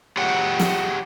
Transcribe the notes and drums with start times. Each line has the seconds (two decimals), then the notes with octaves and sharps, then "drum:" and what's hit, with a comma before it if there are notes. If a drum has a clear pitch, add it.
0.17 G4 G#4 C#5 F#5 G5
0.59 drum: snare